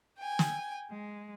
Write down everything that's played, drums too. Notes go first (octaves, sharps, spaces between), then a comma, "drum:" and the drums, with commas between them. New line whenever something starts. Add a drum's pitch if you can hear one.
G5 G#5
drum: snare
G#3